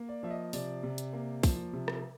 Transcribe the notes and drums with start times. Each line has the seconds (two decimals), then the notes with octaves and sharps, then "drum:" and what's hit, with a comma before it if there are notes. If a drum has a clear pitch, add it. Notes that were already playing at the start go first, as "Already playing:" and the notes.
Already playing: A#3
0.08 D5
0.23 F3 E5
0.30 D#5
0.53 C3 D5, drum: open hi-hat
0.83 C3
0.98 drum: hi-hat
1.13 A#3
1.43 F3, drum: kick, open hi-hat
1.73 C3
1.88 drum: rim click